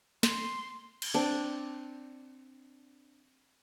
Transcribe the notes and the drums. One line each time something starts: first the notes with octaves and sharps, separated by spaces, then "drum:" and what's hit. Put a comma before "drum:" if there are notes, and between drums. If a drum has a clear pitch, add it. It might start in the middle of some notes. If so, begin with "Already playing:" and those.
C6, drum: snare
drum: cymbal
C4 D4